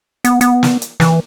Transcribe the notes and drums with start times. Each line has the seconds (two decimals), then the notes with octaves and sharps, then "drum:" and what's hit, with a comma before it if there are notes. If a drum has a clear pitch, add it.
0.24 B3, drum: hi-hat
0.41 B3, drum: hi-hat
0.63 drum: snare
0.82 drum: hi-hat
1.00 E3, drum: snare